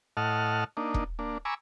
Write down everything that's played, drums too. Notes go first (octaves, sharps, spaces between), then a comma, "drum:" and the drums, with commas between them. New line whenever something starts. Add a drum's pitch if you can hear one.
A2 D#5 F#5 A5 F6
A#3 D4 D#4
drum: kick E1
A#3 D4
G#5 A#5 B5 C#6 D6 E6